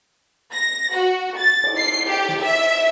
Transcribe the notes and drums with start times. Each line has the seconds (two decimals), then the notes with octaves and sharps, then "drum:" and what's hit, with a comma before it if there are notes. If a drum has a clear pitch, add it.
0.54 A#6
0.93 F#4
1.38 A6
1.64 drum: cymbal
1.78 C7
2.09 G4
2.29 drum: snare
2.42 E5